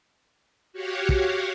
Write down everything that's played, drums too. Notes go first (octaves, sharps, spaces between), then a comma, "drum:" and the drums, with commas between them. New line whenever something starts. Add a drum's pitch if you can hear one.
F#4 G4 C#5 F5 F#5
drum: kick